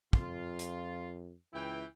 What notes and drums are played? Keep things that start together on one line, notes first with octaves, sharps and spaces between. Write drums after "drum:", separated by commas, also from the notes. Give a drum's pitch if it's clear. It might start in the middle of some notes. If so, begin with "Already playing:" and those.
F2 F4, drum: kick
drum: hi-hat
C#2 E3 E4 G5